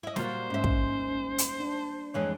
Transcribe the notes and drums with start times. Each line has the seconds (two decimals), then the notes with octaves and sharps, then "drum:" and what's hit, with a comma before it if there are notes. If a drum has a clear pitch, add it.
0.03 E4 D#5
0.16 A#2 F#3 G3 A#3 F4 C5, drum: snare
0.50 G#2 C#4 E5
0.64 drum: kick
1.38 drum: hi-hat
1.60 D4
2.14 F2 E3 G#3 C#5